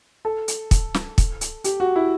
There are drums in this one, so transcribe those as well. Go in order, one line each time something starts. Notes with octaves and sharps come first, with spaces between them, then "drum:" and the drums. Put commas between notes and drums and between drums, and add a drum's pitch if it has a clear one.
A4
drum: hi-hat
drum: kick, hi-hat
drum: snare
drum: kick, hi-hat
drum: hi-hat
G4, drum: hi-hat
F#4
E4